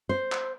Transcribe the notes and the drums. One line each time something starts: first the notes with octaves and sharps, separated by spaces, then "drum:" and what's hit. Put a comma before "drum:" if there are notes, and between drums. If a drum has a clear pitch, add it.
C5
drum: clap